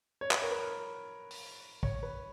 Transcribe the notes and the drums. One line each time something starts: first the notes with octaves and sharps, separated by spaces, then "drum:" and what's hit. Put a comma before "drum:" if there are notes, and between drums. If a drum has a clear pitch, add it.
C#5
B4, drum: clap
A#4
B4
drum: open hi-hat
C#5, drum: kick
B4